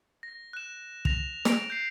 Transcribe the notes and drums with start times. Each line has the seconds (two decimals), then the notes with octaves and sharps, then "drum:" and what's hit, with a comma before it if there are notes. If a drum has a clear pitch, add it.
0.23 A#6
0.53 F#6 E7
1.05 A#6 F7, drum: kick
1.45 A#6 D7, drum: snare
1.70 G6 C7